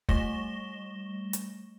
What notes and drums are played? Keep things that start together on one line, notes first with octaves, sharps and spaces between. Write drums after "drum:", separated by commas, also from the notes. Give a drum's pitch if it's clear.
G3 A3 C#6 A#6 E7 G7, drum: kick
drum: hi-hat